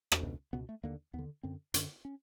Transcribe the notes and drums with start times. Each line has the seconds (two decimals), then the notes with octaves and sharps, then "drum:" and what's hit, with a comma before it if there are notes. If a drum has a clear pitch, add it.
0.12 drum: rim click
0.23 C#2 B2
0.53 C#2 B2 B3
0.69 A3
0.83 D#2 D3 A#3
1.13 D#2 B3
1.19 D3
1.43 F#2 D3 C4
1.74 F#2 D3 D4, drum: hi-hat
2.05 C#4